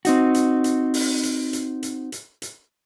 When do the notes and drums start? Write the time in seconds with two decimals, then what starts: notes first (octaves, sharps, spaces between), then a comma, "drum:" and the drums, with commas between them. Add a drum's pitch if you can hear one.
0.05 C4 D#4 F#4, drum: hi-hat
0.34 drum: hi-hat
0.64 drum: hi-hat
0.94 drum: open hi-hat
1.23 drum: hi-hat
1.53 drum: hi-hat
1.83 drum: hi-hat
2.12 drum: hi-hat
2.42 drum: hi-hat